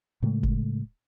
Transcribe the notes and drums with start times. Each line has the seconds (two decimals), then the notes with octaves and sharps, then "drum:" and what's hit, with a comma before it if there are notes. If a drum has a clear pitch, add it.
0.22 A2 C#3 G#3 A3
0.43 drum: kick F#1